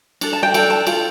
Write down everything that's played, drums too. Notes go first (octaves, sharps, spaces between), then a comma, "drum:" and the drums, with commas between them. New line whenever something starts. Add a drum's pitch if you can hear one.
D4 A4, drum: cymbal
A5
G5
D4 A4 G5, drum: cymbal
A5
F4 A4 G5, drum: cymbal